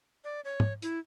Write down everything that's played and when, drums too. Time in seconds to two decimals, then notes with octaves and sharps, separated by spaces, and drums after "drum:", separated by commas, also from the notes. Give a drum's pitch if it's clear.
0.24 D5
0.45 C#5
0.60 drum: tom
0.82 E4, drum: hi-hat